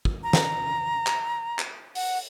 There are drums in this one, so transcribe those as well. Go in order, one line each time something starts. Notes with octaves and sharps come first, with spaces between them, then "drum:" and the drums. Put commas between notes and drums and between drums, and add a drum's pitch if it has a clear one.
drum: kick
A#5
drum: snare
drum: clap
drum: clap
F#5, drum: open hi-hat